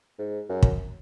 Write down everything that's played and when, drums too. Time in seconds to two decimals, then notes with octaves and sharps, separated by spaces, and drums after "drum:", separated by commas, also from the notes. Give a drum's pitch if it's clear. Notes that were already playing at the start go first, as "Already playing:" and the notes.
0.19 G#2
0.49 F#2
0.62 drum: kick